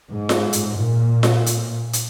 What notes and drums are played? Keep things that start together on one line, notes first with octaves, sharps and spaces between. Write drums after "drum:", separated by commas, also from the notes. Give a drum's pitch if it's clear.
G#2
drum: snare F4
drum: hi-hat
A#2
drum: snare F4
drum: hi-hat
drum: hi-hat